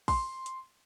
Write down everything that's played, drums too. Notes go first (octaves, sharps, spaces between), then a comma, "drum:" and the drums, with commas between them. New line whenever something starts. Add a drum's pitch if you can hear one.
C6, drum: kick, open hi-hat
drum: hi-hat